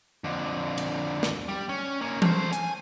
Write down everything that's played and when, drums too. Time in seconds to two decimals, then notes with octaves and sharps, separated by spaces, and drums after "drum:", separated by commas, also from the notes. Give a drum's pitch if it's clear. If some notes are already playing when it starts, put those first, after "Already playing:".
0.24 F2 D3
0.78 drum: cymbal
1.23 drum: snare
1.49 G3
1.69 C#4
2.01 A#3 C#4
2.22 A3 C5, drum: tom E3
2.53 G#5, drum: hi-hat